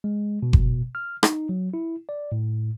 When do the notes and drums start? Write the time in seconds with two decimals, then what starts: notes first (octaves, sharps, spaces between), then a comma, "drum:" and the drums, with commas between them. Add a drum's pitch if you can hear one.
0.04 G#3
0.43 B2
0.53 drum: kick F#1
0.95 F6
1.23 D#4, drum: rim click
1.49 F#3
1.74 E4
2.09 D5
2.32 A2